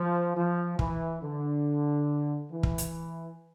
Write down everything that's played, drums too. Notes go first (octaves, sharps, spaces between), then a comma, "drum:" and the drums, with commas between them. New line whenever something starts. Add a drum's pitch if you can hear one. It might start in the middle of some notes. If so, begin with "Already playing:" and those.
Already playing: F3
F3
E3, drum: kick
D3
E3
drum: kick
drum: hi-hat